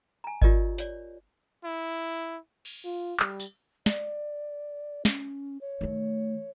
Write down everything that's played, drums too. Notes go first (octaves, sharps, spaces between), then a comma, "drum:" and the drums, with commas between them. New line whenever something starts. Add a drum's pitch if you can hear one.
G#5 A#5
F4 G4 A#4 D5 D#5, drum: kick G#1
C#5 D5, drum: hi-hat
E4
drum: cymbal
F4
G3, drum: clap
drum: tambourine
D5, drum: snare
C#4, drum: snare
C#5
D#3 A3